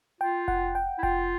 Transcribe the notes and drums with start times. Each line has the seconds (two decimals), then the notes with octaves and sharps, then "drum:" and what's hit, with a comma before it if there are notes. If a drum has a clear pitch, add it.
0.21 F4 G5
0.48 F#5, drum: kick F1
0.75 G5
0.98 E4
1.03 F4 G5, drum: kick F1